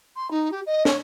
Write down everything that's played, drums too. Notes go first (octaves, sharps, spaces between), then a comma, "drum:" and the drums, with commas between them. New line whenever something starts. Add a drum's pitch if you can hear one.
C6
D#4
G4
D#5
C#5, drum: snare